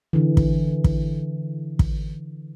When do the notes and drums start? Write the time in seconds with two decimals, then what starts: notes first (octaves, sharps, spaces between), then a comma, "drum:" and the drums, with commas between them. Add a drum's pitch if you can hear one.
0.13 D3 E3
0.37 drum: kick
0.84 drum: kick
1.79 drum: kick